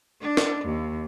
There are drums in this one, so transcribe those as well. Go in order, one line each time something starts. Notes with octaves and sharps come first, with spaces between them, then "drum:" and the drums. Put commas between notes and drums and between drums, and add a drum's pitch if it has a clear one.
D4
drum: snare
D#2